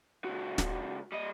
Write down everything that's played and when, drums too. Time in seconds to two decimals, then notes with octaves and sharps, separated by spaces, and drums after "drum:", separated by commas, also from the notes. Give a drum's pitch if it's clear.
0.25 C#2 F#4
0.58 drum: snare
1.12 G3 D#5